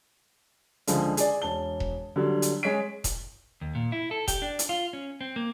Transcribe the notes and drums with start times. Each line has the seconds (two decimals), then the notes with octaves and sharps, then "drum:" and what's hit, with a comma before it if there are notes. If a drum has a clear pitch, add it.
0.87 C#2 D3 F3 G#3, drum: hi-hat
1.17 G#4 D5, drum: hi-hat
1.42 E1 A5 G7
1.80 drum: kick E1
2.16 D3 F#3 G3
2.42 drum: hi-hat
2.63 G#3 C#5 G#6 B6 D7
3.04 drum: kick E1, hi-hat
3.61 D#2
3.75 A#2
3.92 E4
4.11 A4
4.28 G4, drum: kick E1, hi-hat
4.42 D4
4.59 drum: hi-hat
4.69 F4
4.93 C#4
5.21 C4
5.36 A#3